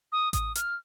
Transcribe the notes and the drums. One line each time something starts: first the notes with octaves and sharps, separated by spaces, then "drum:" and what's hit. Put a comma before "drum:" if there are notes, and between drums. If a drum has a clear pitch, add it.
D#6
D#6, drum: kick A1, hi-hat
F6, drum: hi-hat